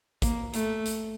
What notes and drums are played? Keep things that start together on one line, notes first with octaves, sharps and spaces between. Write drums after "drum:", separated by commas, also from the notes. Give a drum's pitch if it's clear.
A#3, drum: kick G#1, hi-hat
A3, drum: hi-hat
drum: hi-hat